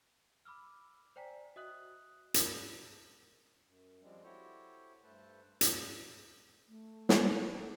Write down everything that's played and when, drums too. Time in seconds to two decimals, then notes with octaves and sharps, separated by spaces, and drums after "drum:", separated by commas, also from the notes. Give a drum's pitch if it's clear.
0.45 B5 D6 E6 F6
1.16 C5 D5 G5 G#5 A#5 B6
1.56 F#4 D#5 E5 D#6 F#6 F#7
2.34 F4 A#4 A5 B5, drum: hi-hat
3.64 F#2
4.02 F3 G3 G#3 C4 D4
4.23 E4 F#4 G4 A4 C5 C#5
5.03 G2 A3 A4 B4 C5 A5
5.61 drum: hi-hat
6.68 A3
7.09 drum: snare